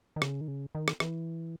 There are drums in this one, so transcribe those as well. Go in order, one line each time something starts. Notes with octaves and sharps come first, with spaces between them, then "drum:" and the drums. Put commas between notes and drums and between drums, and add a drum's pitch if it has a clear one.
D#3
C#3, drum: rim click
D#3
C#3
D#3
drum: rim click
E3, drum: rim click